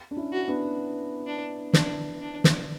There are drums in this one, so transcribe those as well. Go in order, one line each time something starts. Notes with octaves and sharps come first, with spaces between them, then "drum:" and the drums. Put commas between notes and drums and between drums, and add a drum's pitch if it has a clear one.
D4
C#4 E4
F#4
B3 D4
D4
D4, drum: snare
D4
drum: snare